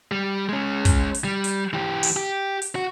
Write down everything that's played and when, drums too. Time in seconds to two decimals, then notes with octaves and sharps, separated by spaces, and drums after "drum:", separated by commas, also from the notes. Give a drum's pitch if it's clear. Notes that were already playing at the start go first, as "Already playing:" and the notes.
0.12 G3
0.49 G#3 C#4
0.85 drum: kick, hi-hat
1.14 drum: hi-hat
1.24 G3
1.44 drum: hi-hat
1.73 E3 G4
2.03 drum: open hi-hat
2.16 G4
2.62 drum: hi-hat
2.75 F#4